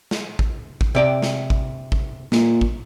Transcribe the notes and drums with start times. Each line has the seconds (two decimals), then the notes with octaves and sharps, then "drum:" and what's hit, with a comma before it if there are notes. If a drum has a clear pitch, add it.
0.11 drum: snare
0.39 drum: kick G#1
0.81 drum: kick G#1
0.95 C3 D5 G5
1.22 drum: snare
1.50 drum: kick G#1
1.92 drum: kick G#1
2.32 A#2, drum: snare
2.61 drum: kick G#1